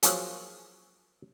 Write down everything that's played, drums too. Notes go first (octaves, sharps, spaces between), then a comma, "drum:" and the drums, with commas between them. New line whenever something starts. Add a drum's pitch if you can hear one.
F3 F#3 A#3 C#4 F#4 G#4, drum: hi-hat